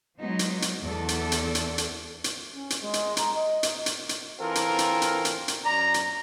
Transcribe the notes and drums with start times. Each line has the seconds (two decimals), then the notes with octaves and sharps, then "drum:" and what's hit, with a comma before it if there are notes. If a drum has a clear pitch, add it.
0.19 F3 F#3 G#3 B3 D#4
0.39 drum: hi-hat
0.62 drum: hi-hat
0.82 E2 B3 A4 D5
1.08 drum: hi-hat
1.32 drum: hi-hat
1.55 drum: hi-hat
1.78 drum: hi-hat
2.24 drum: hi-hat
2.53 C#4
2.70 drum: hi-hat
2.81 G#3
2.93 drum: hi-hat
3.17 A#5, drum: hi-hat
3.34 D#5
3.63 drum: hi-hat
3.86 drum: hi-hat
4.09 drum: hi-hat
4.39 E3 C4 F4 A4 A#4
4.55 drum: hi-hat
4.79 drum: hi-hat
5.02 drum: hi-hat
5.25 drum: hi-hat
5.48 drum: hi-hat
5.65 F#2 D5 A#5
5.94 drum: hi-hat